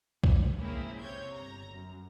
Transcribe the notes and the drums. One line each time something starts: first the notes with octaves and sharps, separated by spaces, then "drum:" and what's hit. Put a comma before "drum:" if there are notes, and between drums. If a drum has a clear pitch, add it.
C#2, drum: kick B1
G#3 A#3 C4 C#4 E4 G#4
C3 C#5 G6 G#6
G1 A#5
F#2